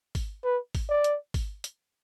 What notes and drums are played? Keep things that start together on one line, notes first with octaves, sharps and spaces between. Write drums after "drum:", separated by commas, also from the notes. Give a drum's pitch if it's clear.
drum: kick, open hi-hat
B4
drum: kick, open hi-hat
D5
drum: hi-hat
drum: kick, open hi-hat
drum: hi-hat